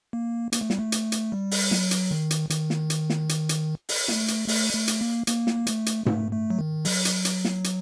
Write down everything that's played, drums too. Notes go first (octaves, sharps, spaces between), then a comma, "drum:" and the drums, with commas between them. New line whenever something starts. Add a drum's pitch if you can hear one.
A#3
A#3, drum: hi-hat
A3
G3, drum: snare
A3
drum: hi-hat
drum: hi-hat
G3
drum: open hi-hat
F#3, drum: snare
drum: hi-hat
D#3
drum: hi-hat
D#3, drum: hi-hat
drum: snare
drum: hi-hat
drum: snare
drum: hi-hat
drum: hi-hat
drum: open hi-hat
A3, drum: snare
drum: hi-hat
A3, drum: open hi-hat
A3
drum: hi-hat
A#3
A#3, drum: hi-hat
drum: snare
A3, drum: hi-hat
drum: hi-hat
A3, drum: tom G#2
A3
F#3
D#3
F#3, drum: open hi-hat
drum: hi-hat
drum: hi-hat
drum: snare
drum: hi-hat